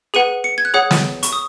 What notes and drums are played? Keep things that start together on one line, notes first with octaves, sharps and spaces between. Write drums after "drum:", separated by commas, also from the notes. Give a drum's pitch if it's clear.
G#4 B4 F#5 D#7
C#7
G#6
F#6
G#4 C#5 F#5 D#6
drum: snare
C#6, drum: hi-hat
D#6